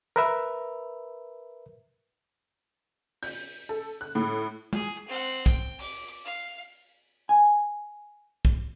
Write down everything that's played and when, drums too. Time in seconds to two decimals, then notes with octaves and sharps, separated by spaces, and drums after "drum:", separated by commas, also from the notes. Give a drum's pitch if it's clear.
0.16 A#4 B4 E5
3.23 G6, drum: open hi-hat
3.69 A4
4.01 F#6
4.15 A2
4.73 G#4, drum: tom G#3
5.08 C4 F#5
5.46 G5, drum: kick
5.80 D6, drum: open hi-hat
6.25 F5
7.29 G#5
8.45 drum: kick